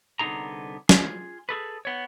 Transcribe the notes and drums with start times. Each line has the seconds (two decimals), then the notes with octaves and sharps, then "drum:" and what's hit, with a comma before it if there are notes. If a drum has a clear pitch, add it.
0.19 C2 D3 B3 D#4 G#4 A#5
0.89 F4 G#4, drum: snare
1.49 G#4 A4 B4
1.85 B3 C#5